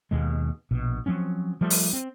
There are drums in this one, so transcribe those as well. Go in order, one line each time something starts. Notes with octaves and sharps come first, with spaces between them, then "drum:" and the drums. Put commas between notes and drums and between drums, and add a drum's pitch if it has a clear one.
D#2 B2 G#3
A#1 B2
F3 F#3 C4 C#4
F3 G3 A3
drum: open hi-hat
C4